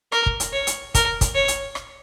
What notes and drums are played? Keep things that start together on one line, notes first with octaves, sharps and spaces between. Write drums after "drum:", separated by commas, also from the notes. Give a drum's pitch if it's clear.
A#4, drum: rim click
drum: kick
drum: hi-hat
C#5
drum: hi-hat
A#4, drum: kick, hi-hat
drum: kick, hi-hat
C#5
drum: hi-hat
drum: rim click